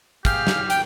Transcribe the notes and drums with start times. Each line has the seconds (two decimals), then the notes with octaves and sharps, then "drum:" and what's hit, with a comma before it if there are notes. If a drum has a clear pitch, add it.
0.25 G4 G#4 F5 G5 F6, drum: kick, hi-hat
0.47 drum: snare
0.70 G5, drum: hi-hat